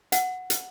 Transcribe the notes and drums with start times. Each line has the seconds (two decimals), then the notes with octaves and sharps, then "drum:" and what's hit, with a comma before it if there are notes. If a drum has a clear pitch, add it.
0.12 F#5, drum: hi-hat
0.50 drum: hi-hat